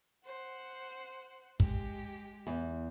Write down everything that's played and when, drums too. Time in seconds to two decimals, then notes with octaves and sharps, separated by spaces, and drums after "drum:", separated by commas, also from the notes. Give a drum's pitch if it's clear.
0.25 C5 F#5
1.60 G#3 G4, drum: kick
2.47 E2